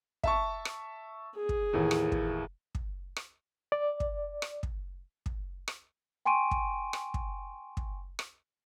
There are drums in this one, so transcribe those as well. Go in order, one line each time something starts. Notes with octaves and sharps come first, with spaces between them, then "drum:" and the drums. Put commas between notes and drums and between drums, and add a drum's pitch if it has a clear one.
E5 A5 C#6, drum: kick
drum: rim click
G#4
drum: kick
D#2 A2 E3
drum: rim click
drum: kick
drum: kick
drum: rim click
D5
drum: kick
drum: rim click
drum: kick
drum: kick
drum: rim click
G5 G#5 C6 C#6 D7 D#7
drum: kick
drum: rim click
drum: kick
drum: kick
drum: rim click